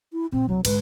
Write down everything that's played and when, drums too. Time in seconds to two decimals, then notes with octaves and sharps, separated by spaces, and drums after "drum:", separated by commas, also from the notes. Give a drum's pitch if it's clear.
0.13 E4
0.32 A#2 C4
0.49 C2 F#3
0.65 G#2 D3 B4, drum: cymbal